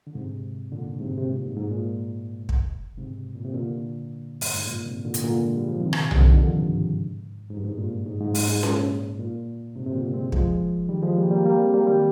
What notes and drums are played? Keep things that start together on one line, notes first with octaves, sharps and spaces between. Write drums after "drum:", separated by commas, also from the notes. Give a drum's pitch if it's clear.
D3
G#2 C3
A#2 D3
G#2 C3
C3
A#2
G#2
G#2
A#2
drum: kick
G#2 C3
A#2
C3
A#2 D3
G2, drum: open hi-hat
G#2
A#2
G#2 C3
A#2 D3
drum: hi-hat
A#2 D3
G#3
G3
F3
C3 D#3
drum: rim click
A#2
C3, drum: tom B1
D3
D#3
D3 F3
G2
G#2
G#2
G2
G#2
A#2
G#2
G#2
G#2, drum: open hi-hat
G#2
A#2, drum: snare C#4
A#2
G#2 C3
C3
A#2 D3
G#3 C4
F3 G#3, drum: kick
D#3 G3
F3 G#3
G3 A#3
G3 A#3
G3 A#3
G#3 C4
G3 A#3
D#3 G3